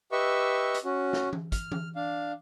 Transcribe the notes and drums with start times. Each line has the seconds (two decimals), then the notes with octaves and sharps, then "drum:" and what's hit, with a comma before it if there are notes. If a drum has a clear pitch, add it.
0.12 G4 B4 D#5 E5 C#6 E6
0.74 drum: hi-hat
0.85 C#4 F#4
1.13 drum: snare
1.33 drum: tom E3
1.52 F6, drum: kick, hi-hat
1.72 drum: tom E3
1.96 D4 F5